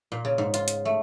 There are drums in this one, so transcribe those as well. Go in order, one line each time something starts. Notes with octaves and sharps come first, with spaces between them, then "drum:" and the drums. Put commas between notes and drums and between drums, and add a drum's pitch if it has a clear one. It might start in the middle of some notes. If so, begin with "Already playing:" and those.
A#2
C#3
G#2
F4, drum: hi-hat
drum: hi-hat
A3